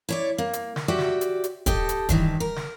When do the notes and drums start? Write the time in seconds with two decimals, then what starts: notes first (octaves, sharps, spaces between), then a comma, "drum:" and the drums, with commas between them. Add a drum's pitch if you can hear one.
0.09 E4 C#5 D5
0.38 A#3
0.53 drum: hi-hat
0.76 drum: snare
0.88 F#4 G4 D5 E5
0.99 drum: snare
1.21 drum: hi-hat
1.44 drum: hi-hat
1.66 G4 A4 D#5, drum: kick, hi-hat
1.89 drum: hi-hat
2.09 G2 D#3 E3, drum: kick, hi-hat
2.40 A#4
2.56 drum: snare